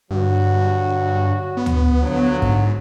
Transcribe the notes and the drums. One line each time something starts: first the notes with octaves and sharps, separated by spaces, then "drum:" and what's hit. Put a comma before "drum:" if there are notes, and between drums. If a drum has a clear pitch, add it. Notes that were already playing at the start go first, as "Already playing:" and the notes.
G2 D3 F#3 F#4
B3
drum: tom D2
D3 F3 F#3
G#2, drum: kick